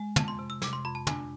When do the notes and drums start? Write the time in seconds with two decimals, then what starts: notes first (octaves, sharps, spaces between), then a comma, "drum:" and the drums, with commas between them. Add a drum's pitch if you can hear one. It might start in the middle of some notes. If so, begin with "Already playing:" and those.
Already playing: G#3
0.16 F2 A5, drum: tom
0.28 C6
0.39 C3
0.50 E6
0.62 C3 D6, drum: snare
0.73 C6
0.85 F2 B5
0.95 A5
1.07 D4 G#5, drum: tom